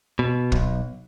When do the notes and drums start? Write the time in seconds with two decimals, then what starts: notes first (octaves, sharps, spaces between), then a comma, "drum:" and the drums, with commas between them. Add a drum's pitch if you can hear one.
0.19 B2
0.52 B1, drum: kick